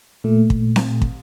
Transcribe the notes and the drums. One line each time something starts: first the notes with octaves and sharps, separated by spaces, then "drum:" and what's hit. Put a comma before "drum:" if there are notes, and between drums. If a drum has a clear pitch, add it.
A#2 A3
drum: kick
drum: snare C4
drum: kick